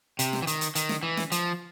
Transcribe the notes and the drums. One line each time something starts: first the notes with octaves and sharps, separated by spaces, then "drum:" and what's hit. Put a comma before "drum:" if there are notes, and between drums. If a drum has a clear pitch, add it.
C3, drum: hi-hat
drum: snare
E3
D#3, drum: hi-hat
drum: hi-hat
D#3, drum: hi-hat
drum: snare
E3
drum: snare
F3, drum: hi-hat